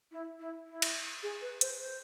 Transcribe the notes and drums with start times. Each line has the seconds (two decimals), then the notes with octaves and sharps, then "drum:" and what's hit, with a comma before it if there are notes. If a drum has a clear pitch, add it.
0.12 E4
0.40 E4
0.67 E4
0.82 drum: cymbal
1.23 G#4
1.41 B4
1.61 C5, drum: hi-hat
1.80 C5